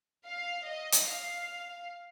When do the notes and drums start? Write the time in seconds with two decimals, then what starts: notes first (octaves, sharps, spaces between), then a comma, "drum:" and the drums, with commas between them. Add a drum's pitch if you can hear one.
0.25 F5
0.67 D#5
0.92 drum: hi-hat
1.09 F5